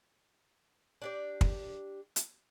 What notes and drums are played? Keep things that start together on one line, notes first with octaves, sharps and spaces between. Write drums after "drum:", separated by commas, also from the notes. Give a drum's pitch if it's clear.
D4 G4 D5
drum: kick
drum: hi-hat